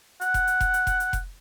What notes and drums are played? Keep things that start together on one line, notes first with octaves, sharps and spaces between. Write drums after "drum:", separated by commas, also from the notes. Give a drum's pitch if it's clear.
F#5, drum: hi-hat
drum: kick F1, hi-hat
drum: hi-hat
drum: kick F1, hi-hat
drum: hi-hat
drum: kick F1, hi-hat
drum: hi-hat
drum: kick F1, hi-hat